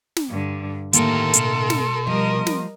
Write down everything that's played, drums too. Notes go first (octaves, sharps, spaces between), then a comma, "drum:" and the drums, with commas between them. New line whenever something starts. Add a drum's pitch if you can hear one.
drum: snare
G2 D3
A2 D3 D#3 A#3 G4 A4 A#4 C6, drum: hi-hat
B2, drum: hi-hat
drum: snare
F3 G3 A#4 D#5
drum: snare